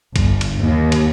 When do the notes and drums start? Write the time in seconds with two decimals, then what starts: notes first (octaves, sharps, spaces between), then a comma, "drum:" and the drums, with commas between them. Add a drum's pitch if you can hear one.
0.16 G1, drum: kick B1, cymbal
0.41 drum: cymbal
0.60 D#2
0.92 drum: cymbal